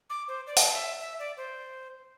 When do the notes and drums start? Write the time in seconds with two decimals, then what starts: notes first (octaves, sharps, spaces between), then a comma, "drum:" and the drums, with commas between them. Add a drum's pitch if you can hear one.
0.10 D6
0.28 C5
0.47 D5
0.57 drum: open hi-hat
0.73 E5
1.00 E5
1.19 D5
1.37 C5